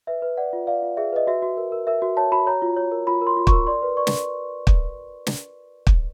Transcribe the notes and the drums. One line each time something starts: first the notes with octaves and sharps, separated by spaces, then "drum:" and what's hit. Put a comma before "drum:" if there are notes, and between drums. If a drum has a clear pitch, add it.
B4 E5
B4
D5 F#5
F4
D5 F5
F4
G#4 E5
B4 D#5
F#4 E5
F#4
A#4
A#4
A#4 E5
F#4
C#5 A5
F#4 B5
C#5 A#5
F4
C#5
A#4
F4 B5
A#4
C6
F4
C#6, drum: kick
A#4
D5 C6
B4
D5 C#6
drum: snare
drum: kick
drum: snare
drum: kick